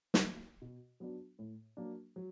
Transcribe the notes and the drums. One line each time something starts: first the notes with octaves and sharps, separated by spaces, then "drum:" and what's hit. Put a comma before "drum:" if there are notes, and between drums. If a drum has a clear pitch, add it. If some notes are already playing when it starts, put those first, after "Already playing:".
drum: snare
F#3 A#3
B2
F#3 B3 D4 F#4
A2
F#3 A#3 D4
F#3